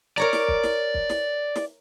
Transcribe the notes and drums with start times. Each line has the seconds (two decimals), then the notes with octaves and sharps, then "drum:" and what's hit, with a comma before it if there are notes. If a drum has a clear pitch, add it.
0.18 A#4 C#5 D5 A#5
0.33 drum: snare
0.48 drum: kick
0.64 drum: snare
0.94 drum: kick
1.10 drum: snare
1.56 drum: snare